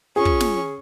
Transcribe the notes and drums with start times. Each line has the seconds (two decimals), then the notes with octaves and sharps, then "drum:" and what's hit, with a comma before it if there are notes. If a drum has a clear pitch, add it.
0.16 C#4 F4 G#4 C#6
0.25 drum: kick
0.40 drum: snare